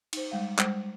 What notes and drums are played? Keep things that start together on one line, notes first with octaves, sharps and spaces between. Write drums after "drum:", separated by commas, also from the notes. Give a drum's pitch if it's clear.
D#4 C5, drum: cymbal
G3 G#3 F5
G3 G#3 C5, drum: clap